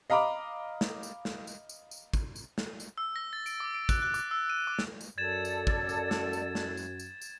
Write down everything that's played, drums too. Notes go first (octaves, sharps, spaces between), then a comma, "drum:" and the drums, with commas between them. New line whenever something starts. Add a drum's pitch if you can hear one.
D#5 F5 A#5 B5 D6
drum: snare
drum: tambourine
drum: snare
drum: tambourine
drum: tambourine
drum: tambourine
drum: kick, tambourine
drum: tambourine
drum: snare
drum: tambourine
E6
A#6
A6
D7, drum: tambourine
D6
D7
F#6, drum: kick, tambourine
F#6
D6, drum: tambourine
E6
D#7
D6
drum: snare
drum: tambourine
F#2 A4 D5 G#6 A6 E7
drum: tambourine
drum: kick
drum: tambourine
drum: snare
drum: tambourine
drum: snare
drum: tambourine
drum: tambourine
drum: tambourine